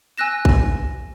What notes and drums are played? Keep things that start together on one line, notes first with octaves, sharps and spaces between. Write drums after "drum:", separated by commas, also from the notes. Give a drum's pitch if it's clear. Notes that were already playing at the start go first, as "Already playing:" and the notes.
G#5 E6 F#6 A#6 E7
drum: kick